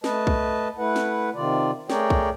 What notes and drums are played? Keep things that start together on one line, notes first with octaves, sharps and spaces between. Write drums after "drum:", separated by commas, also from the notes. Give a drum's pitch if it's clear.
A3 B4 D#5 A5, drum: snare
drum: kick
A3 E4 B4 F#5
drum: snare
C3 D#3 F4 D5
A3 G#4 A#4 C#5 D5 G5, drum: snare
drum: kick